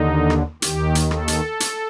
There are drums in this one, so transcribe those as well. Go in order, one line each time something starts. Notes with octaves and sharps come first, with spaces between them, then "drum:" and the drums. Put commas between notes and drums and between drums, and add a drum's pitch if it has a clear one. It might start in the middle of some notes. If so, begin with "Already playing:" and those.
Already playing: D#2 D3 D#4
drum: rim click
D#2 D#3 G4, drum: hi-hat
drum: hi-hat
A4, drum: rim click
drum: hi-hat
drum: hi-hat